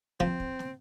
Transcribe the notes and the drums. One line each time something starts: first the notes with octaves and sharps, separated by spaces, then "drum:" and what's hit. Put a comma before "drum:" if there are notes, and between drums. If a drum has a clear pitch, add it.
F3 C4, drum: kick
drum: kick
drum: snare